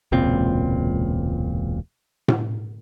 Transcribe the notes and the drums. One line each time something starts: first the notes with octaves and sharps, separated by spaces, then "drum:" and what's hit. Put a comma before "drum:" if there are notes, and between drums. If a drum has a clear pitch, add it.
E1 C#2 A#2 C4
drum: tom A2